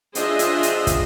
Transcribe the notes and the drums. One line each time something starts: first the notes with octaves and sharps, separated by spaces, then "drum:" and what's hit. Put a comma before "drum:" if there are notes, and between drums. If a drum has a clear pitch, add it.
D4 F4 G#4 C5 D#5 E5, drum: hi-hat
drum: hi-hat
drum: hi-hat
drum: kick, hi-hat